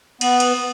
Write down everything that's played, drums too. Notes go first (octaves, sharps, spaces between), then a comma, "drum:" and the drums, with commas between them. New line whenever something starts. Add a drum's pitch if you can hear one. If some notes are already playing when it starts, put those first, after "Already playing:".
B3, drum: cymbal
drum: cymbal